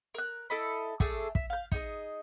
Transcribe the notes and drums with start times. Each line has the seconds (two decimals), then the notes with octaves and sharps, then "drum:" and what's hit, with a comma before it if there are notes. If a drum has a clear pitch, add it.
0.14 A#4 F#6
0.50 E4 A4 D#5 B5
1.00 A3 D4 G#4 A4, drum: kick
1.35 E5, drum: kick
1.50 F5 G6
1.72 D#4 G#4 D#5, drum: kick